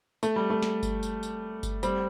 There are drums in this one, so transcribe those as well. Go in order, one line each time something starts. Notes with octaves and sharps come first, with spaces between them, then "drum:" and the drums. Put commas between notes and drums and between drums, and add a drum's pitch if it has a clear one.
A3, drum: tambourine
G3
A3
drum: snare
drum: kick G1, tambourine
drum: tambourine
drum: tambourine
drum: kick G1, tambourine
G3 C4, drum: tambourine